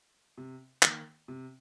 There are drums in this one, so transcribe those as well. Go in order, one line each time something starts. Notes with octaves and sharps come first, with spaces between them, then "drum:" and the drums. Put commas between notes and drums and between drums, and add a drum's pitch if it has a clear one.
C3
D#3 A#3, drum: clap
C3